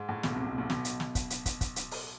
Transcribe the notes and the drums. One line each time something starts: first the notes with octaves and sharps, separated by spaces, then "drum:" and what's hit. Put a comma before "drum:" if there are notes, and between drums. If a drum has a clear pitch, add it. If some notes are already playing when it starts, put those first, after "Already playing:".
Already playing: G#2
A2
B1 B2, drum: snare
C2 C3
C2 C3
B1 B2
B1 B2, drum: snare
drum: hi-hat
drum: snare
drum: kick, hi-hat
drum: hi-hat
drum: kick, hi-hat
drum: kick, hi-hat
drum: hi-hat
drum: open hi-hat